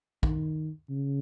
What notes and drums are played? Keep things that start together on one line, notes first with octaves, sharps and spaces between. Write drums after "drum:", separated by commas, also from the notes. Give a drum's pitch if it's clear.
D#3, drum: kick
C#3